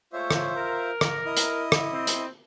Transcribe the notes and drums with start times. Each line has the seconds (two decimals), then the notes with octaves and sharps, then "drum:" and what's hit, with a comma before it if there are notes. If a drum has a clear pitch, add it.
0.13 G#3 A3 F4 C5 C#5 E5
0.31 drum: rim click
0.56 A#4
1.01 drum: rim click
1.25 E4 D#5
1.37 drum: hi-hat
1.72 drum: rim click
1.92 C4
2.07 drum: hi-hat